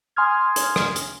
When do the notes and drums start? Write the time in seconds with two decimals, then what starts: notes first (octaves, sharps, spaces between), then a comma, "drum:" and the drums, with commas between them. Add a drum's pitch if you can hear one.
0.16 G#5 C6 D#6 F6 G#6
0.56 drum: hi-hat
0.76 drum: rim click
0.96 drum: hi-hat